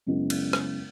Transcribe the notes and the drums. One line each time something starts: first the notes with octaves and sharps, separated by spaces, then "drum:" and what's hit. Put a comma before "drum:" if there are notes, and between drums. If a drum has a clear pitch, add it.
F#2 C#3 G#3 B3 E4
drum: cymbal
drum: rim click